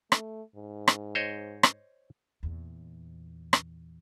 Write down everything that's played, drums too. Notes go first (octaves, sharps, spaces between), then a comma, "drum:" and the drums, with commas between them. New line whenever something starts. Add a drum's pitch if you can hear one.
A3, drum: rim click
G#2
drum: rim click
C5 C#5 D#5
drum: rim click
E2 A#2
drum: rim click